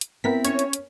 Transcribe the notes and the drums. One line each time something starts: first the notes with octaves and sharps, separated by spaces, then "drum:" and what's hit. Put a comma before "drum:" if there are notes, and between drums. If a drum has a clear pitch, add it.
drum: hi-hat
B3 C4 E4 A#4 B6
C#4 C#5, drum: hi-hat
drum: hi-hat
drum: hi-hat